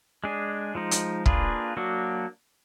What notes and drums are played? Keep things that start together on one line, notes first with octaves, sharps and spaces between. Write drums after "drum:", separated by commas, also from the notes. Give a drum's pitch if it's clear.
G#3 D4 G#4
F3 G#3 D#4
drum: hi-hat
A#3 D4 F4 G#4 B4, drum: kick
F#3 A#3 D4 F#4